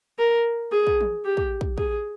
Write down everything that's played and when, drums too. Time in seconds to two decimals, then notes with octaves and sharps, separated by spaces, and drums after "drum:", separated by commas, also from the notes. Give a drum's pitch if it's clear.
0.19 A#4
0.72 G#4
0.87 drum: kick
1.01 drum: tom
1.25 G4
1.37 drum: kick
1.61 drum: kick
1.78 G#4, drum: kick